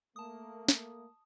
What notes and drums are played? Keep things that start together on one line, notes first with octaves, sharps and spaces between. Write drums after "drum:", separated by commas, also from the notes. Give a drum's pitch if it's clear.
A3 A#3 A5 D#6
drum: snare